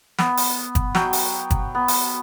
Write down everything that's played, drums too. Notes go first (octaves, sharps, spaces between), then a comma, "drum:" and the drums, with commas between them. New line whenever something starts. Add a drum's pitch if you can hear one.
B3, drum: snare
drum: open hi-hat
drum: kick, hi-hat
F#3 C#5 G5, drum: snare
drum: open hi-hat
drum: kick, hi-hat
B3
drum: open hi-hat